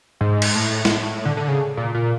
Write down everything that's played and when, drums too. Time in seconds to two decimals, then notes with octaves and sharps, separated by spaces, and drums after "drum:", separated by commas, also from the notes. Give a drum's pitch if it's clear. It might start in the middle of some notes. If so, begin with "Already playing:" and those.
0.21 G#2
0.42 drum: cymbal
0.55 A2
0.85 drum: snare
1.25 D3
1.37 D3
1.48 C#3
1.77 A#2
1.95 A#2